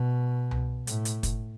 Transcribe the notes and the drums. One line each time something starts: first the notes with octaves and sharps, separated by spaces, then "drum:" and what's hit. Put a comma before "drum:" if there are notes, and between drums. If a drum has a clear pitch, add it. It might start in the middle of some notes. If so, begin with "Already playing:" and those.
Already playing: B2
drum: tom C2
A2, drum: hi-hat
drum: hi-hat
drum: kick, hi-hat